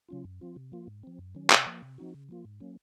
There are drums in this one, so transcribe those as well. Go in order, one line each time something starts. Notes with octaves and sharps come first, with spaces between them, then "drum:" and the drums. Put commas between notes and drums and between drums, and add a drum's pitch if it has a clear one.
C#3 F#3 C#4 F4
F#2
F3 C4 F4
C3
F3 A#3 F4
G#2
F3 C4
F#2
D#3 F#3 C#4
C3, drum: clap
F3 A#3
C3
F3 C4 D#4 F#4
C#3
F3 A#3 F4
G#2
F#3 A#3 C#4